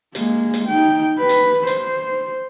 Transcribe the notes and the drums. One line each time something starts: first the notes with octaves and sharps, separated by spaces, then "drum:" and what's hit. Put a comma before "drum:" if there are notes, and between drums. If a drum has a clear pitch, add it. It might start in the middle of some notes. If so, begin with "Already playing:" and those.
G#3 A#3, drum: hi-hat
drum: hi-hat
D#4 G5
B4
drum: hi-hat
C5, drum: hi-hat